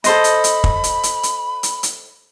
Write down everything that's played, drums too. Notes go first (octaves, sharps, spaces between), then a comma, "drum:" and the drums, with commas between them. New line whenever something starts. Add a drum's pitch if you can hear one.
A4 C5 D#5 B5, drum: hi-hat
drum: hi-hat
drum: hi-hat
drum: kick
drum: hi-hat
drum: hi-hat
drum: hi-hat
drum: hi-hat
drum: hi-hat